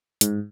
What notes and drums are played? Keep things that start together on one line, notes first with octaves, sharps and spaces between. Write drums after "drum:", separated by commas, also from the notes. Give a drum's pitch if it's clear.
G#2, drum: hi-hat